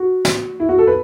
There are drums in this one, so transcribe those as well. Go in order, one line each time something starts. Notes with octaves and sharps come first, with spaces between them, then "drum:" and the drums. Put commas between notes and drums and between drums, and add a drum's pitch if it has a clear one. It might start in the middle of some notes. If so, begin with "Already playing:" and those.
Already playing: F#4
drum: snare
E4
F#4
A4
B4